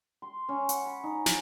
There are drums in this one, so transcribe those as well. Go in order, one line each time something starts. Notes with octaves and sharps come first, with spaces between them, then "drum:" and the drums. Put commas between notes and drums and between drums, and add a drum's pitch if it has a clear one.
C6
C#4
F#5, drum: hi-hat
B5
D#4
drum: snare